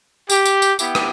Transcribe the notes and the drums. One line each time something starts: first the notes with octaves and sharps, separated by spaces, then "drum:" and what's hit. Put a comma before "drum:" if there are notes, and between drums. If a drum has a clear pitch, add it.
G4, drum: tambourine
drum: tambourine
drum: tambourine
B3 E4 G4, drum: tambourine
drum: rim click